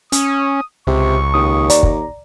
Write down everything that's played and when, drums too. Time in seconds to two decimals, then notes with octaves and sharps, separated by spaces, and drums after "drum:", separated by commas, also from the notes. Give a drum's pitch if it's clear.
0.12 C#4 D#6, drum: hi-hat
0.87 C#2 C3 C#6
1.34 D#2 D#6
1.70 D5 A#5, drum: hi-hat
1.83 drum: kick